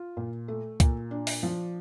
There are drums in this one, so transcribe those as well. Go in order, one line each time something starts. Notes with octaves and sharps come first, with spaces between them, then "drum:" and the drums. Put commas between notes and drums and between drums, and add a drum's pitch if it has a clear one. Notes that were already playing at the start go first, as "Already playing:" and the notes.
Already playing: F4
A#2
A3
A#2, drum: kick C#2, hi-hat
D4
drum: open hi-hat
F3